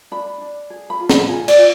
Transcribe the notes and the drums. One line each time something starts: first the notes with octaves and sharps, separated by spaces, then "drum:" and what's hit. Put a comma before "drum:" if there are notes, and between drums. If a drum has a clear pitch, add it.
D4 B5
D4
G#4
B5
F4
A#5, drum: snare
F4 G#5
D5, drum: cymbal
F4